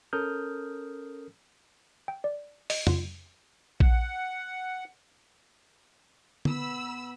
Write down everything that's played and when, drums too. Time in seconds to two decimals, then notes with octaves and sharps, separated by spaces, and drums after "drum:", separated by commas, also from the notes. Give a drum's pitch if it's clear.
0.13 C#4 A4 A#4 D#6 F6 G6
2.08 G5
2.24 D5
2.70 D#5, drum: open hi-hat
2.87 F4, drum: tom F2
3.80 F#5, drum: kick A#1
6.45 B3 B5 E6, drum: tom